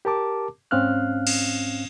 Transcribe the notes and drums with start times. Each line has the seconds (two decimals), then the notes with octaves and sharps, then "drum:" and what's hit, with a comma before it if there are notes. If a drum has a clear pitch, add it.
0.05 G4 A#4 A5 D6
0.71 G#2 C4 C#4 F5 F6 F#6
1.27 drum: cymbal